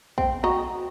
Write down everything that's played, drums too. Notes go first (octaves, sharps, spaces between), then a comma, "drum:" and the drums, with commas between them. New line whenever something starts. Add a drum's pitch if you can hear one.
C4, drum: kick
F#4 D#5 A#5